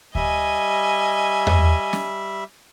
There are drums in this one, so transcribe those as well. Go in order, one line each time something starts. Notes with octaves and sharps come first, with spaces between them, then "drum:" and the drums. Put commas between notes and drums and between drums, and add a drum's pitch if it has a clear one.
G3 D#5 E5 G#5, drum: kick D2
drum: tom E2
drum: snare